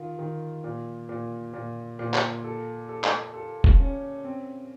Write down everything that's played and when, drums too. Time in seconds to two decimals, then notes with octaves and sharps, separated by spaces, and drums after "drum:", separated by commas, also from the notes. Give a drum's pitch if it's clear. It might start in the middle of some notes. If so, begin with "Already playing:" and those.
Already playing: D#3 F4
0.19 D#3
0.64 A#2
1.09 A#2
1.53 A#2
1.99 A#2
2.14 drum: clap
2.44 A4
2.89 A4
3.04 drum: clap
3.34 A4
3.64 drum: kick
3.79 C#4
4.24 C4